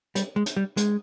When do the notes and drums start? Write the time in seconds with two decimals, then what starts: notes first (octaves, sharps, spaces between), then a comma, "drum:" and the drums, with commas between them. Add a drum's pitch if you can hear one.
0.15 G3, drum: hi-hat
0.36 G#3
0.46 drum: hi-hat
0.56 G3
0.77 G#3, drum: hi-hat